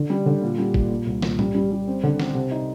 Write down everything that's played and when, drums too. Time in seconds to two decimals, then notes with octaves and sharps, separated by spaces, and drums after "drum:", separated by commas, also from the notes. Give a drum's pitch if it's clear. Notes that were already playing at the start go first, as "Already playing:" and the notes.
Already playing: D3
0.10 G3
0.26 D3
0.42 A#2
0.58 G3
0.74 A#2, drum: kick
0.91 A#2
1.07 C2
1.22 A#2, drum: snare
1.39 G3, drum: tom
1.55 G3
1.71 G3
1.87 C4
2.03 D3
2.20 C4, drum: snare
2.35 C3
2.51 D#4